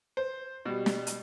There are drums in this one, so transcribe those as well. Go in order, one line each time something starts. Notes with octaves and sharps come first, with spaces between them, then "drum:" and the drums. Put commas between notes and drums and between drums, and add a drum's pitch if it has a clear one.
C5
B2 G3
drum: snare
drum: hi-hat